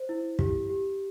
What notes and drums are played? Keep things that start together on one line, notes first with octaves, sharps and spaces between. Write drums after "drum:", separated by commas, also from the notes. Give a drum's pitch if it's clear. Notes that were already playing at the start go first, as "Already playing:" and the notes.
Already playing: C5
E4
G4, drum: kick
G4